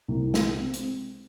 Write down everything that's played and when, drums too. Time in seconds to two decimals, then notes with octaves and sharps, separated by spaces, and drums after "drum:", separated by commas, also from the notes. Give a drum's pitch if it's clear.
0.08 C2
0.34 G#3, drum: snare
0.60 C4
0.74 drum: hi-hat